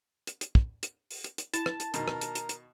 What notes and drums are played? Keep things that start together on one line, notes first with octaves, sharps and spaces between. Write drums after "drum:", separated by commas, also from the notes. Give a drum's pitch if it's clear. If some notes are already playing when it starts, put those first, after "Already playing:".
drum: hi-hat
drum: hi-hat
drum: kick
drum: hi-hat
drum: open hi-hat
drum: hi-hat
drum: hi-hat
E4 A5, drum: hi-hat
drum: rim click
drum: hi-hat
B2 D#3 A#4, drum: hi-hat
drum: rim click
drum: hi-hat
drum: hi-hat
drum: hi-hat